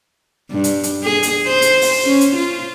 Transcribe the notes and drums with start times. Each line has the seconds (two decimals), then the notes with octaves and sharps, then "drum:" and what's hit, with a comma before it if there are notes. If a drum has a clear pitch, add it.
0.51 G2
0.64 drum: hi-hat
0.83 drum: hi-hat
1.03 G#4
1.23 drum: hi-hat
1.47 C5
1.62 drum: hi-hat
1.81 drum: open hi-hat
2.05 C#4
2.21 drum: hi-hat
2.35 F4